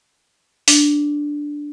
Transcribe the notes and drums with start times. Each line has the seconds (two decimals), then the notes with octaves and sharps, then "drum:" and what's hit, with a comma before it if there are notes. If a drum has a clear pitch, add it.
0.68 D4, drum: open hi-hat